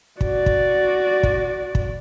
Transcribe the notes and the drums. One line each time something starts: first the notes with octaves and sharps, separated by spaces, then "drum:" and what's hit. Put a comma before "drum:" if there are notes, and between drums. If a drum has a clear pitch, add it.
F#4 D5, drum: kick
drum: kick
drum: kick
drum: kick